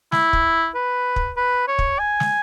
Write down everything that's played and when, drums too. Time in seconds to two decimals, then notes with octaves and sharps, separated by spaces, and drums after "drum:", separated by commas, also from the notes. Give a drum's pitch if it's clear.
0.12 E4, drum: snare
0.33 drum: kick
0.75 B4
1.16 drum: kick
1.37 B4
1.68 C#5
1.79 drum: kick
1.99 G#5
2.20 drum: snare